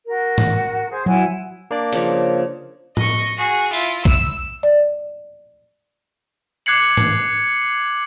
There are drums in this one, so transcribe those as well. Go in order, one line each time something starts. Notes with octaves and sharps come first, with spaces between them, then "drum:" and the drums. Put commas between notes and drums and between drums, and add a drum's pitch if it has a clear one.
F#4 A#4
drum: tom G#2
G#4 C5
F#3 E4 F#5 G#5
A#3 D4 D5
C#3 F3, drum: hi-hat
D#5 C#6, drum: tom A2
F#4 G#4
E4 F4, drum: tambourine
E6, drum: kick A#1
D5
D6 F#6 G#6 C7 C#7 F#7
drum: tom G#2